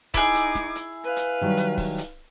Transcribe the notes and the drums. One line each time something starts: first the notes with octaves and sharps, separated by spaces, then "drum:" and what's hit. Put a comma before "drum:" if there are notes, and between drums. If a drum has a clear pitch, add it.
D#4 E4 G#4 D6, drum: kick, open hi-hat
drum: hi-hat
drum: snare
drum: hi-hat
B4 F5
drum: hi-hat
D#3 F#3 G3
drum: hi-hat
drum: kick, open hi-hat
drum: hi-hat